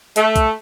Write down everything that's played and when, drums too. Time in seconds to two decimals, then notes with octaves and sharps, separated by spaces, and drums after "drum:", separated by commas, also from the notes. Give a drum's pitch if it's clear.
0.16 A3, drum: hi-hat
0.36 drum: kick, hi-hat